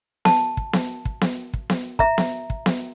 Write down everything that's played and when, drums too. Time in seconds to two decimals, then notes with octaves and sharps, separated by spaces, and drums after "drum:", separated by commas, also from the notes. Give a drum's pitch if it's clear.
0.25 A5, drum: snare B3
0.57 drum: kick
0.73 drum: snare B3
1.05 drum: kick
1.21 drum: snare B3
1.54 drum: kick
1.70 drum: snare B3
1.99 E5 A#5, drum: kick
2.18 drum: snare B3
2.50 drum: kick
2.66 drum: snare B3